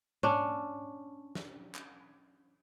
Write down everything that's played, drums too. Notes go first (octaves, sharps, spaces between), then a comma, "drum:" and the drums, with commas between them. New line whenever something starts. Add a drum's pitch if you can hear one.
C#4 D4, drum: tom G#2
drum: snare
drum: clap